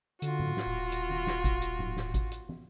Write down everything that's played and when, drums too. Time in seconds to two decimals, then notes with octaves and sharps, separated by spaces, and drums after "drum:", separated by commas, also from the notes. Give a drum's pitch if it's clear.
0.22 D3 F4 F#4, drum: hi-hat
0.40 drum: tom A2
0.57 drum: snare
0.66 D#1
0.92 drum: hi-hat
1.09 drum: tom D#3
1.27 drum: snare
1.44 drum: kick G#1, hi-hat
1.62 drum: hi-hat
1.79 drum: tom A2
1.97 drum: snare
2.14 drum: kick G#1, hi-hat
2.32 drum: hi-hat
2.49 drum: tom